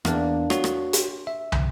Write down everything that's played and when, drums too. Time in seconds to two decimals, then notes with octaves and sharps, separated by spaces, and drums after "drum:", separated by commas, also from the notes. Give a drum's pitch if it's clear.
0.05 E2 A#3 D4, drum: rim click
0.50 F#4 C#5, drum: rim click
0.64 drum: rim click
0.93 drum: hi-hat
1.27 E5
1.52 drum: tom